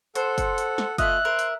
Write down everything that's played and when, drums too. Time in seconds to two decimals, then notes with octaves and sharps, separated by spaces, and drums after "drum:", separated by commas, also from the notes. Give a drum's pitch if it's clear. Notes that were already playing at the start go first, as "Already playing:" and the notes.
0.15 A4 C5 F#5, drum: hi-hat
0.38 drum: kick F#1, hi-hat
0.58 drum: hi-hat
0.78 drum: snare
0.98 A3 F4 D#5 E5 F6 F#6, drum: kick F#1, hi-hat
1.25 A#4 C5
1.39 drum: hi-hat